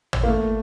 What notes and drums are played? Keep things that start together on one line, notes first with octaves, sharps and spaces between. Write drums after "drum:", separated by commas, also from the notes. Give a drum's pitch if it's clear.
drum: tom
A#3
A3